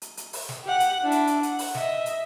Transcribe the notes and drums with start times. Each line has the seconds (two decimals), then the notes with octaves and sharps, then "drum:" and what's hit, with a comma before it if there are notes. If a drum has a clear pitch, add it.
0.02 drum: hi-hat
0.17 drum: hi-hat
0.33 drum: open hi-hat
0.49 drum: snare
0.64 G4 F#5
0.80 drum: hi-hat
1.01 D4 E4
1.12 drum: hi-hat
1.27 drum: hi-hat
1.43 F#5, drum: hi-hat
1.59 drum: open hi-hat
1.75 D#5 E5, drum: snare
2.06 drum: hi-hat